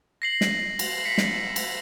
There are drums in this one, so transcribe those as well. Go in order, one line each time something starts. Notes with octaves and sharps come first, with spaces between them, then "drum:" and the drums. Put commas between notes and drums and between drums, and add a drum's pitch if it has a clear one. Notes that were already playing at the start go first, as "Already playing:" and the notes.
A#6 C7 F#7
drum: snare
drum: cymbal
B6 C#7
drum: snare
drum: cymbal